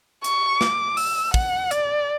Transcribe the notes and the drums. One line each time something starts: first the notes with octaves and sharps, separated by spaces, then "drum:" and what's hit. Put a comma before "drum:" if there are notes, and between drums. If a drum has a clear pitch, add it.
C#6, drum: hi-hat
D6, drum: snare
E6, drum: open hi-hat
F#5, drum: kick
D5, drum: hi-hat